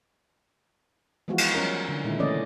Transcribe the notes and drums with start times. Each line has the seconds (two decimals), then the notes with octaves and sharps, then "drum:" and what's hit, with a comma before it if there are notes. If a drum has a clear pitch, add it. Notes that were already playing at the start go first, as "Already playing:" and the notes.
1.28 E3 F3 G#3 B3 F4 F#4
1.38 drum: cymbal
1.55 F#3 G3 C#4 A#4
1.88 D3
2.04 A#2 D#3 G#3 E4
2.19 C#3 E3 A3 C#4 D5 D#5